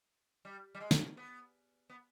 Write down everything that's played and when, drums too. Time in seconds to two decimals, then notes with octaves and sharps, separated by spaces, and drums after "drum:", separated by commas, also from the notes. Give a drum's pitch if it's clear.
0.45 G3
0.75 G3
0.80 G#3
0.91 drum: snare
1.17 B3
1.90 B3